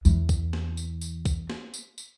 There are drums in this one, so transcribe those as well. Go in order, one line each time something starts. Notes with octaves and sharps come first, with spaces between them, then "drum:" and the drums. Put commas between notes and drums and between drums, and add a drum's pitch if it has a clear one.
E2 E3, drum: tambourine
drum: kick, tambourine
drum: snare
drum: tambourine
drum: tambourine
drum: kick, tambourine
drum: snare
drum: tambourine
drum: tambourine